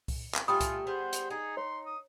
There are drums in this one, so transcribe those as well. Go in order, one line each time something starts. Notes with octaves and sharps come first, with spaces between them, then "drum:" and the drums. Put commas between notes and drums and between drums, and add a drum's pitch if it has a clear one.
drum: kick C2, open hi-hat
drum: clap
G3 A3 F4 G5 G#5 B5 D#6
drum: kick C2, hi-hat
G3 B3 G#4 C5
drum: hi-hat
D#4 G#4
C#5 C6
D#6